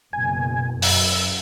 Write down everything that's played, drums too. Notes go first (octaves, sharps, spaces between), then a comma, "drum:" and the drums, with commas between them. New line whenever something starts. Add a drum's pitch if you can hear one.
F#1 B2 G#5
F#2 E6, drum: open hi-hat